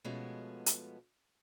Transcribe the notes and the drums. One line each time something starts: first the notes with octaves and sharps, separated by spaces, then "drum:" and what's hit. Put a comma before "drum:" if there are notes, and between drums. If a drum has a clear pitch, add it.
B2 F3 G#3 A3 B3 C#4
drum: hi-hat